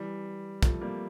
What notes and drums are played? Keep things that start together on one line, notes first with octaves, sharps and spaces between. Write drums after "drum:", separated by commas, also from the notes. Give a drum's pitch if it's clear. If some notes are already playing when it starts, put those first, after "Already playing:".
Already playing: E3 G3
F3 A3, drum: kick, hi-hat
G3 A#3